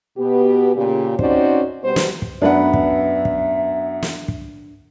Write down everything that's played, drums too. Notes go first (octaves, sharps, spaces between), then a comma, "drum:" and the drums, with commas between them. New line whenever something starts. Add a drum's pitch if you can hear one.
B2 B3 G4
A#2 C#3 G4
C4 C#4 D#4 F#4 C5 D5, drum: kick
B2 G3 B3 C5
drum: snare
drum: kick
F#2 B3 D4 B4 E5 F#5
drum: kick
drum: kick
drum: snare
drum: kick